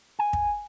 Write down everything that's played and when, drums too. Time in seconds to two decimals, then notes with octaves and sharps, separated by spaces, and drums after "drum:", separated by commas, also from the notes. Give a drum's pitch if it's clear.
0.19 G#5
0.33 drum: kick